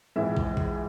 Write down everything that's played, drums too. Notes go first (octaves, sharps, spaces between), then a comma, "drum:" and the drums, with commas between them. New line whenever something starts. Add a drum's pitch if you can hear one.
A#1 G#2 E3 E5
drum: kick
drum: kick